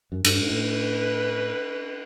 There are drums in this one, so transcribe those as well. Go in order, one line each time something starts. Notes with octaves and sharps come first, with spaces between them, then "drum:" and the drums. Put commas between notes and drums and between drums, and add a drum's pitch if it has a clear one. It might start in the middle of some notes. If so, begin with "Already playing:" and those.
F#2
G2, drum: cymbal
G#2
A2 B4